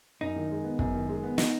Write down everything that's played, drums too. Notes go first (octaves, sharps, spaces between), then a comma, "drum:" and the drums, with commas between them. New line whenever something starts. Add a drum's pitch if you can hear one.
F#2 D#4
D#3
G#3
B3
F#2, drum: kick
D#3
G#3
B3
D#4, drum: snare